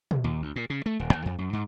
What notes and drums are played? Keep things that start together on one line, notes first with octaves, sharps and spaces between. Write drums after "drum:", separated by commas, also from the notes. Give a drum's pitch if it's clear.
drum: tom
D#2
D2
A#2
C#3
A3
D#1
D#2
F2
F#2
G#2